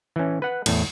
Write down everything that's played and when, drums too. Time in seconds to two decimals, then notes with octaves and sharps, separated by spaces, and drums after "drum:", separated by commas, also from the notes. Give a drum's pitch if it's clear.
0.16 E3 C#4
0.42 B4 F#5
0.66 E2 A2, drum: cymbal